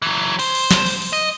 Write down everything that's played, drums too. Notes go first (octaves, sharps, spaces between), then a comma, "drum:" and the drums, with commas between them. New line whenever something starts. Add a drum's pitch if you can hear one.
E3 F#3
C5, drum: cymbal
drum: cymbal
drum: snare
drum: cymbal
drum: cymbal
D#5